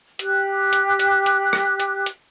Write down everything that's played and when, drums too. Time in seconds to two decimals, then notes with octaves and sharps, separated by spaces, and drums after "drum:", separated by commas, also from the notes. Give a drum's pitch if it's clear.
0.19 G4 F#6, drum: hi-hat
0.73 drum: hi-hat
0.99 drum: hi-hat
1.26 drum: hi-hat
1.53 drum: rim click
1.80 drum: hi-hat
2.06 drum: hi-hat